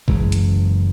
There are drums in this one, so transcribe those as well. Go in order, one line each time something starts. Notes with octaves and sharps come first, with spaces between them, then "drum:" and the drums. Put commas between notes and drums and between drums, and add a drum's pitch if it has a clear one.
F#1 F#2 C#3 E3 G#3, drum: kick A#1
drum: hi-hat